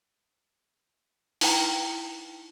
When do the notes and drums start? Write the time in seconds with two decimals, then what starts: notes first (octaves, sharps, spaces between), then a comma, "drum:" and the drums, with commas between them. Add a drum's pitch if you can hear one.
1.41 D#4 E4 B4 G5 A#5, drum: open hi-hat